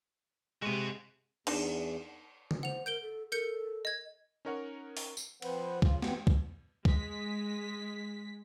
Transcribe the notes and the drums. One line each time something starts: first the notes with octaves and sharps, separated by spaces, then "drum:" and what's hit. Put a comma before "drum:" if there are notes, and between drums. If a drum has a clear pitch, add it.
C3 G#3 F#4 D#5
E2 D4 D#4, drum: cymbal
drum: tom D3
C5 F#5 F7
A#4 G6 D7 G7
A4
A4 A#4 G6 C#7
D#5 G#6
C#4 D#4 A#4 C#5 F#5
drum: open hi-hat
drum: tambourine
F3 C4 B4 C5 F#5, drum: cymbal
C#3 F4, drum: kick
F#2 E3 B3 C4 G5, drum: snare
drum: kick
G#3 B6, drum: kick